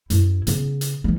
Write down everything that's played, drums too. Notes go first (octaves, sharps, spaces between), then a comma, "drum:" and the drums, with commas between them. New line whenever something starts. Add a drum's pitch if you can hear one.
F#2 E4, drum: hi-hat
C#3 B3, drum: hi-hat
drum: hi-hat
E3 G3